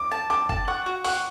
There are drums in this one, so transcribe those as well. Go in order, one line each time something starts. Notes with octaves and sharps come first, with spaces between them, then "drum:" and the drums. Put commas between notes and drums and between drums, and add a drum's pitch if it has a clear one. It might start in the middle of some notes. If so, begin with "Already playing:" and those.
Already playing: D6
A5
A5 D6
A5, drum: kick
F#5 C#6
F#4
F#5 C#6, drum: open hi-hat